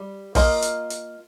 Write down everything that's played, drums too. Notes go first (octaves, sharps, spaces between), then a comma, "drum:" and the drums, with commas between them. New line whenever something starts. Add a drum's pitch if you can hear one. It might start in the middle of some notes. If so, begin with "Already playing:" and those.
Already playing: G3
A#3 F4 A#4 D#5, drum: kick, open hi-hat
drum: hi-hat
drum: hi-hat